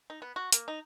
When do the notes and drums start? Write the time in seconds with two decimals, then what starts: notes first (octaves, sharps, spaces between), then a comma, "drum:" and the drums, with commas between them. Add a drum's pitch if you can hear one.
0.10 D#4
0.22 B3
0.36 F#4
0.52 A#3, drum: hi-hat
0.68 D#4